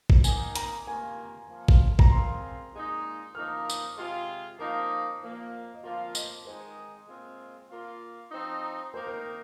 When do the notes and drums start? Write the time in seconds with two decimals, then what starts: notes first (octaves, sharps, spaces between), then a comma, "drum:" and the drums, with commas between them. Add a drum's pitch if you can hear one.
0.10 drum: kick A1
0.24 D#3 A#3 D#4 G#5, drum: tambourine
0.55 A#5, drum: hi-hat
0.87 C3 D#3 A#3 F4 G#5
1.49 F3 A#3 F4
1.68 drum: kick A1
1.99 A#5, drum: kick A1
2.11 F3 G#3 C4 F4 C6
2.73 A#2 G#3 D#4
3.35 F3 A#3 D#4 F6
3.70 drum: tambourine
3.98 C3 G#3 F4
4.59 F3 A#3 D#4 F5
5.22 A#2 F3 A#3
5.74 D#5
5.84 F3 A#3 F4 F5
6.15 D#5, drum: tambourine
6.45 D#3 G#3 D#4 C5
7.08 A#2 G#3 C4 F4
7.69 A#2 A#3 F4
8.31 F3 C4 D#4
8.94 D#3 A#3 D#4 C5
9.07 A#4